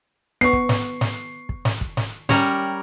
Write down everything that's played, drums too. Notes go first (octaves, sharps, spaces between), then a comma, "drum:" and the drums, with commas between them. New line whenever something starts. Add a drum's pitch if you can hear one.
B3 C#6 C7
drum: kick
drum: snare
drum: snare
drum: kick
drum: snare
drum: kick
drum: snare
G3 C#4 A#4 C#5, drum: snare